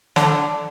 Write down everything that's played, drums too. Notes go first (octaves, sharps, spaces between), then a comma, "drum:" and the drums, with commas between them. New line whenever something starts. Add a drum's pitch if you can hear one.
D3, drum: snare